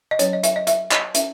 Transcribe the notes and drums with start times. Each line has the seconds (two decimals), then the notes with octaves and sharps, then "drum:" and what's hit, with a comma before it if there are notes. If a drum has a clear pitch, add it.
0.11 D#5
0.19 F#3 C#4 C#5, drum: hi-hat
0.33 D#5
0.43 E5, drum: hi-hat
0.56 D#5
0.67 E5, drum: hi-hat
0.91 D#5, drum: clap
1.15 C#4 E5, drum: hi-hat